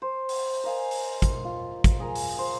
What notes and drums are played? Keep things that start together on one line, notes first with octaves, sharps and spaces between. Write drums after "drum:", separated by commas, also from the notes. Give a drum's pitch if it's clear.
C5
drum: open hi-hat
A#4 D#5 F5 G#5
drum: open hi-hat
drum: kick, hi-hat
F4
drum: kick, hi-hat
G#4 A#4
drum: open hi-hat
C5